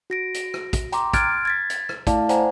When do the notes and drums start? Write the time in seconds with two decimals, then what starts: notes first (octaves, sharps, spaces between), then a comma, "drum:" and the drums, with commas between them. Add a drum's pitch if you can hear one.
0.10 F#4 A#6 D7
0.34 drum: hi-hat
0.54 drum: rim click
0.73 drum: kick, hi-hat
0.92 G5 A#5 C6 D6, drum: hi-hat
1.13 C6 F6 F#6 G#6 A6 D7, drum: kick, hi-hat
1.45 G#6 A6 B6
1.70 drum: hi-hat
1.89 drum: rim click
2.07 A3 E4 D5 F5 A5, drum: kick, hi-hat
2.29 C5 D5 F#5 G#5 A#5, drum: hi-hat